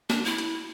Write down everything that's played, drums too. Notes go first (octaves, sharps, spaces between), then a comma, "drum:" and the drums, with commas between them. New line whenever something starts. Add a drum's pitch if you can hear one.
D4, drum: snare
E4
drum: hi-hat